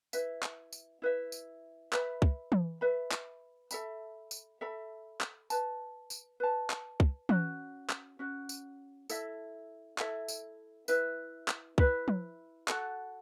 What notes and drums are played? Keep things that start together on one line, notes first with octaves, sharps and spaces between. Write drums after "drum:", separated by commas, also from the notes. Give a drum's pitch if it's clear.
E4 B4 E5, drum: tambourine
drum: clap
drum: tambourine
E4 B4 E5
drum: tambourine
B4 E5 B5, drum: clap
drum: kick
drum: tom E3
B4 E5 B5
drum: clap
A4 E5 B5, drum: tambourine
drum: tambourine
A4 E5 B5
drum: clap
B4 A5, drum: tambourine
drum: tambourine
B4 A5
drum: clap
drum: kick
C#4 F#4, drum: tom E3
drum: clap
C#4 F#4
drum: tambourine
E4 A4 E5, drum: tambourine
E4 A4 E5, drum: clap
drum: tambourine
E4 B4 E5, drum: tambourine
drum: clap
E4 B4 E5, drum: kick
drum: tom F3
F#4 A4 F#5, drum: clap